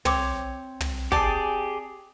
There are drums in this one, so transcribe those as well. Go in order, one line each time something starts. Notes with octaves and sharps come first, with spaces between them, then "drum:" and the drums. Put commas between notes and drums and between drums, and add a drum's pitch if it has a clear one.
C4 C#5 D6, drum: tom
drum: tom
G4 G#4 D5 G#5 A5, drum: kick